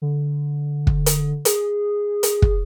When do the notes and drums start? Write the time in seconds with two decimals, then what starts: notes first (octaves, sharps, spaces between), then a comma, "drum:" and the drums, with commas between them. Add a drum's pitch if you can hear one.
0.02 D3
0.87 drum: kick
1.06 drum: hi-hat
1.45 G#4, drum: hi-hat
2.23 drum: hi-hat
2.42 drum: kick